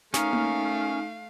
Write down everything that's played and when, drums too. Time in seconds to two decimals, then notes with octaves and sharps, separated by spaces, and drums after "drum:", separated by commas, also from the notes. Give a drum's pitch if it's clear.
0.14 A3 C#4 D#4 A#4 F5, drum: snare
0.33 drum: tom A#3